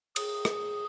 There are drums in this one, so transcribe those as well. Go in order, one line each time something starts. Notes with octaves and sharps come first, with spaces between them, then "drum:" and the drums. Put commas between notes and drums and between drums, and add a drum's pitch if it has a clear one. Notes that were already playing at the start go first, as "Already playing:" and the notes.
G#4, drum: cymbal
drum: rim click